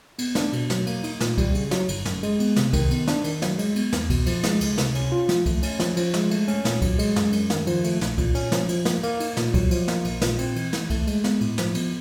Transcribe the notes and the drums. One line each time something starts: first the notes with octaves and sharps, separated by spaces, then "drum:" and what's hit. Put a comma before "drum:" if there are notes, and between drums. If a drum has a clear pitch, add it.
B3, drum: cymbal
D4, drum: snare
B2, drum: cymbal
F#3, drum: snare
A#3, drum: cymbal
D#4, drum: cymbal
A#2, drum: snare
G3, drum: kick C2, cymbal
C#3, drum: cymbal
F#3, drum: snare
G1, drum: cymbal
F#2, drum: snare
G#3, drum: cymbal
B3, drum: cymbal
C3, drum: snare
D#3, drum: kick C2, cymbal
B3, drum: cymbal
D4, drum: snare
D#3, drum: cymbal
F#3, drum: snare
G#3, drum: cymbal
B3, drum: cymbal
E2, drum: snare
B2, drum: kick C2, cymbal
F3, drum: cymbal
G#3, drum: snare
C#2, drum: cymbal
C3, drum: snare
C#4, drum: cymbal
F4
F3, drum: snare
A3, drum: kick C2, cymbal
C#4, drum: cymbal
F3, drum: snare
F3, drum: cymbal
G#3, drum: snare
A3, drum: cymbal
C#4, drum: cymbal
A#2, drum: snare
F#3, drum: kick C2, cymbal
G#3, drum: cymbal
F#2, drum: snare
F#2, drum: cymbal
D#3, drum: snare
F3, drum: cymbal
A3, drum: cymbal
A#1, drum: snare
A#2, drum: kick C2, cymbal
C#4, drum: cymbal
F3, drum: snare
F3, drum: cymbal
A#3, drum: snare
A#3, drum: cymbal
D#4, drum: cymbal
A#2, drum: snare
F#3, drum: kick C2, cymbal
F3, drum: cymbal
A#3, drum: snare
A#1, drum: cymbal
A#2, drum: snare
C4, drum: cymbal
E3, drum: cymbal
E3, drum: snare
A3, drum: kick C2, cymbal
G#3, drum: cymbal
B3, drum: snare
A2, drum: cymbal
F3, drum: snare
B3, drum: cymbal